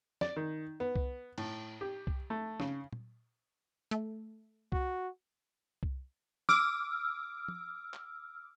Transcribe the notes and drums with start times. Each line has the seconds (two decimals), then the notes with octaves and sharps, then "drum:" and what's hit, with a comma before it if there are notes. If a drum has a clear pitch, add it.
0.21 D5, drum: snare
0.36 D#3
0.80 B3
0.96 drum: kick C2
1.38 A2, drum: cymbal
1.81 G4
2.07 drum: kick C2
2.30 A3
2.60 C#3, drum: snare
2.93 drum: tom A#2
3.91 A3, drum: hi-hat
4.72 F#4, drum: kick C2
5.83 drum: kick C2
6.49 D6 E6 F6, drum: snare
7.48 drum: tom
7.94 drum: clap